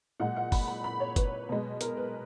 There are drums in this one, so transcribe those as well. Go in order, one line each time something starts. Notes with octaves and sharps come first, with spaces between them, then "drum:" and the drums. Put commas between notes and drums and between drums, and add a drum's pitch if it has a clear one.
A#2 G#3 F#5
F#5
B5, drum: kick, open hi-hat
B5
B5
C#5
B4, drum: kick, hi-hat
B2 G#3
A#4, drum: hi-hat
B4